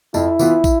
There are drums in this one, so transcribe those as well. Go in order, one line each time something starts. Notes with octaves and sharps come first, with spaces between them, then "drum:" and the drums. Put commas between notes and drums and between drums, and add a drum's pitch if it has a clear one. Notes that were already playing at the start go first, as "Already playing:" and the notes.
F2 E4, drum: tambourine
E3 B3 F4, drum: tambourine
drum: kick, tambourine